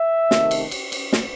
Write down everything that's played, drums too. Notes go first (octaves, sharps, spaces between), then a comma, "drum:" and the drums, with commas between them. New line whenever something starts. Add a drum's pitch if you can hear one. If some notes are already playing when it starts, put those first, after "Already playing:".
Already playing: E5
C3 D#3 A3, drum: snare
drum: cymbal
drum: cymbal
drum: cymbal
drum: snare